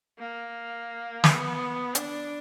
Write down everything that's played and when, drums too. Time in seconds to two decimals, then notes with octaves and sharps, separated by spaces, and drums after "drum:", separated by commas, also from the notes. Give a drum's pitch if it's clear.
0.19 A#3
1.24 B3, drum: snare
1.95 D4, drum: hi-hat